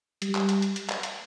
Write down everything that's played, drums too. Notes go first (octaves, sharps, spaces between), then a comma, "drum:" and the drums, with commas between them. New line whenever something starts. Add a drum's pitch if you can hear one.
G3, drum: hi-hat
drum: clap
drum: hi-hat
drum: hi-hat
drum: hi-hat
drum: clap
drum: hi-hat